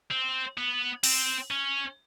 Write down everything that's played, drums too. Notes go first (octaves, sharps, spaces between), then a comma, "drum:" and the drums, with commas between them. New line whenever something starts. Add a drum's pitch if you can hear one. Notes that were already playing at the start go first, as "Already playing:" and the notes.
C4
B3
C4, drum: open hi-hat
C#4